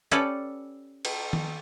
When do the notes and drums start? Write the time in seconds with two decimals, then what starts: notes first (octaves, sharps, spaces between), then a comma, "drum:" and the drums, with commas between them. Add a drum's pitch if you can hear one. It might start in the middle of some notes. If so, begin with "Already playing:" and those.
0.11 C#4 G4 A4 B4 D5, drum: hi-hat
1.05 drum: cymbal
1.33 drum: tom D#3